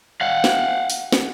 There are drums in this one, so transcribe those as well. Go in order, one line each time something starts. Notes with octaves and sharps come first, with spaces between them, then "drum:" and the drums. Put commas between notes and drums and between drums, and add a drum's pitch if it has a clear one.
F5 F#5
drum: snare
drum: open hi-hat
drum: snare